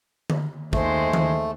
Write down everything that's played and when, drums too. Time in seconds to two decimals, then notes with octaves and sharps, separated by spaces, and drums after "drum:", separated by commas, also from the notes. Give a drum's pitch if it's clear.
0.30 drum: tom D3
0.73 D#2 G#3 A3 C5, drum: kick
1.13 drum: tom D#3